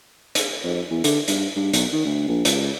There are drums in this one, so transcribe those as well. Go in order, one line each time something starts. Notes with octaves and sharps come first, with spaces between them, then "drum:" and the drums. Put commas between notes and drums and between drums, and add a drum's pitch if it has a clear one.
drum: hi-hat
F2
E2
D3, drum: hi-hat
G2, drum: hi-hat
G2
B1, drum: hi-hat
D#3
D2
A#1
C#2, drum: hi-hat